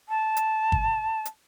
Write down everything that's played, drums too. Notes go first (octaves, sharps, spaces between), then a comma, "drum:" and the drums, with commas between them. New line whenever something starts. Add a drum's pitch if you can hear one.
A5
drum: hi-hat
drum: kick G1
drum: hi-hat